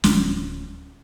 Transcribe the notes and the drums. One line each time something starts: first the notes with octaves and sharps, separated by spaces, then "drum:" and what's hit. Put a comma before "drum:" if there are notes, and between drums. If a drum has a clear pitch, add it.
D1 F3 C4 C#4, drum: snare